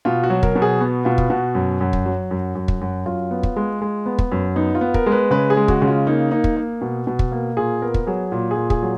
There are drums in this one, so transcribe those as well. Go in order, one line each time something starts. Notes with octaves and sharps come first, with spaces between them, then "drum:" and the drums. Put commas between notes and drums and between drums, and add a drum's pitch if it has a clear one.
B2 F4
F#4
F#3
A#4, drum: kick
B2
G#4
B3 F#4
B2 F4
drum: kick
B2 F#4
F#2
F#2
drum: kick
F#3
F#2
F#2
drum: kick
F#2
F#2 F4
B3
drum: kick
G#3
G#3
B3
drum: kick
F#2
B3 D#4
F4
B3
A#4, drum: kick
G#3
B4
C#3 B4
G#4
G#3
F#4, drum: kick
C#3
F4
A#3 D#4
A#3 D#4
drum: kick
A#3
B2
B2
drum: kick
A#3
A#2 G#4
B3 A#4
drum: kick
F#3 G#4
A#2
G#4
A#2
G#4, drum: kick
F#3